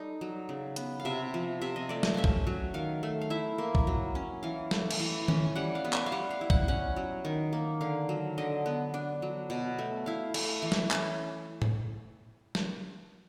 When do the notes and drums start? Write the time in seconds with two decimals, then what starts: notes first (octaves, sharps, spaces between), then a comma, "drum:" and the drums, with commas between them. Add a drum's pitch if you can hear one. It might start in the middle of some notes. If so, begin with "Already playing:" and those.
Already playing: G3 D#4 A4 D#5
0.21 F#3
0.49 C#3
0.76 B3, drum: hi-hat
1.00 F5
1.05 C3 E5
1.34 F3
1.61 C3 E5
1.76 D#5
1.89 A3 D5
2.03 D#5, drum: snare
2.14 C#4 E5 F5
2.24 drum: kick B1
2.47 F#3
2.74 D#3 F5
3.03 A3
3.21 F5
3.30 E4 E5
3.58 A#3
3.75 drum: kick B1
3.87 F#3
4.15 C#4
4.43 E3 F5
4.71 A3, drum: snare
4.91 drum: cymbal
5.00 E3
5.28 C#4, drum: tom D#3
5.55 G3 F#5
5.75 F5
5.85 B3
5.93 E5, drum: clap
6.06 F5
6.12 G3 F#5
6.30 F5
6.41 E4
6.50 F#5, drum: kick B1
6.68 C#4 F#5
6.96 F#3
7.25 D#3
7.53 A#3
7.81 D3 F5
8.09 F#3
8.38 D3 D#5
8.66 B3
8.94 D4
9.22 F#3
9.50 B2
9.79 A3
10.06 E4 F5
10.34 A3, drum: cymbal
10.63 E3
10.72 drum: snare
10.91 C#4, drum: clap
11.62 drum: tom A2
12.55 drum: snare